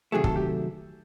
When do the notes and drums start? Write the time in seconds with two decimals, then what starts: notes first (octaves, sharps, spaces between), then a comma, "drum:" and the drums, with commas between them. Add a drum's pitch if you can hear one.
0.12 C3 D#3 F#3 A3 G#4
0.24 A4, drum: kick
0.36 G4